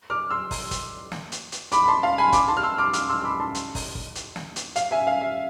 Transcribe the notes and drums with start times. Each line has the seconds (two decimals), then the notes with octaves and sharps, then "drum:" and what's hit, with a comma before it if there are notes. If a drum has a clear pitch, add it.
0.10 D6 F6
0.30 C6 E6
0.51 drum: kick, open hi-hat
0.71 drum: kick, hi-hat
1.12 drum: snare
1.32 drum: hi-hat
1.52 drum: hi-hat
1.72 B5 D6, drum: hi-hat
1.84 B5
1.88 A5 C6
2.03 F5 A5
2.18 G#5 B5
2.33 B5 D6, drum: kick, hi-hat
2.48 A5 C6
2.57 F6
2.63 C6 E6
2.78 D6 F6
2.93 D6 F6, drum: hi-hat
3.09 C6 E6
3.20 E6
3.24 B5 D6
3.40 A5 C6
3.55 drum: hi-hat
3.75 drum: kick, open hi-hat
3.95 drum: kick
4.15 drum: hi-hat
4.36 drum: snare
4.56 drum: hi-hat
4.76 F5, drum: hi-hat
4.91 E5 G#5
5.07 F5
5.21 E5